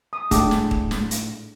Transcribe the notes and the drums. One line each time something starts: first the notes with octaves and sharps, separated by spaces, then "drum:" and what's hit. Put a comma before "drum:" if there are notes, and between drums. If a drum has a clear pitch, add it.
D#6
A2 D4 G#4 D6, drum: kick, hi-hat
drum: snare
drum: kick
drum: snare
drum: hi-hat